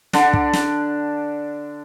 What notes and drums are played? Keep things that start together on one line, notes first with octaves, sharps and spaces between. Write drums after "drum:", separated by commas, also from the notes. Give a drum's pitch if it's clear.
D3 D4, drum: snare
drum: kick
drum: snare